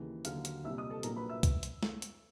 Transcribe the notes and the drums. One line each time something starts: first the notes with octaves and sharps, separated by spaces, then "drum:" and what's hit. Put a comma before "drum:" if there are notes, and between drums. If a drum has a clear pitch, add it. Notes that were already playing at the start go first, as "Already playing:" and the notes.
Already playing: D#2 C#3 E3
D#2 D3 F#3 F5 F6, drum: hi-hat
drum: hi-hat
C2 A#2 G3 E5 E6
D#5 D#6
A4 A5
A#1 A#2 F#3 A#4 A#5, drum: hi-hat
B4 B5
E5 E6
drum: kick C2, hi-hat
drum: hi-hat
drum: snare
drum: hi-hat